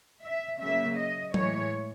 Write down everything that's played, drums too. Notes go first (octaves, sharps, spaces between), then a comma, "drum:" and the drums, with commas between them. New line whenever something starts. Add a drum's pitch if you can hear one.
E5
C#3 F#3 A#3 E5
D#5
A2 E3 G#3 C#5, drum: tom F#3